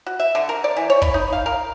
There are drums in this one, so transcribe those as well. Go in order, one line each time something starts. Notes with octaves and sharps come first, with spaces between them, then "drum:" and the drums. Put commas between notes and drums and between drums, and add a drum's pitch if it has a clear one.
F#4
E5
D3
A#4
D5
E3
C#5
B5, drum: kick
D#4
F5
A#4